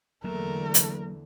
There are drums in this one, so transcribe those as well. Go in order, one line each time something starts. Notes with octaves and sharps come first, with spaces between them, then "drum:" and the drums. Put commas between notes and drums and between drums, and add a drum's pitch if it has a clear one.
E2 D3 F#3 A3 A#3 A#4
drum: hi-hat